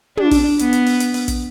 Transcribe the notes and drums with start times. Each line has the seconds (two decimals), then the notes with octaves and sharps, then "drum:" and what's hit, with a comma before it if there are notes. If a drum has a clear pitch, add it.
0.17 D4, drum: tom
0.31 drum: kick, open hi-hat
0.59 B3, drum: hi-hat
0.73 drum: hi-hat
0.86 drum: open hi-hat
1.00 drum: hi-hat
1.14 drum: open hi-hat
1.28 drum: kick, hi-hat